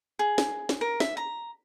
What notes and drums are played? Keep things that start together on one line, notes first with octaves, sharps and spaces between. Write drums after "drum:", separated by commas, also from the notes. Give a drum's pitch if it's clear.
G#4
drum: snare
drum: snare
A#4
E5, drum: snare
A#5